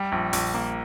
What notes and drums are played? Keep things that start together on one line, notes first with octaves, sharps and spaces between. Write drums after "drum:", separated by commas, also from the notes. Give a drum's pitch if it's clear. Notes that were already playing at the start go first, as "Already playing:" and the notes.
Already playing: G3
A#1
A#1, drum: open hi-hat
A#3